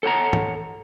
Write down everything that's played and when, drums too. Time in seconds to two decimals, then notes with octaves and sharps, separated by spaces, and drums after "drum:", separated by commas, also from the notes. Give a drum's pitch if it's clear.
0.03 A4 C#5 F#5 A#5
0.33 drum: tom